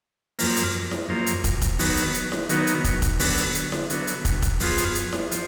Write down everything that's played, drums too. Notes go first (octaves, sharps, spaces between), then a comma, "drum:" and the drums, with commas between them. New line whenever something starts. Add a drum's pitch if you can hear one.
F#2 F3 A#3, drum: open hi-hat
drum: hi-hat
drum: snare E4
F#2 F3 A#3
drum: hi-hat
drum: kick, hi-hat
drum: kick, hi-hat
D#3 F#3 B3, drum: open hi-hat
drum: hi-hat
drum: hi-hat
drum: snare E4
D#3 F#3 B3, drum: hi-hat
drum: hi-hat
drum: kick, hi-hat
drum: kick, hi-hat
D3 F#3 B3, drum: open hi-hat
drum: hi-hat
drum: hi-hat
drum: snare E4
D3 F#3 B3, drum: hi-hat
drum: hi-hat
drum: kick, hi-hat
drum: kick, hi-hat
F#2 F3 B3 F4 G#4, drum: open hi-hat
drum: hi-hat
drum: hi-hat
drum: snare E4
F3, drum: hi-hat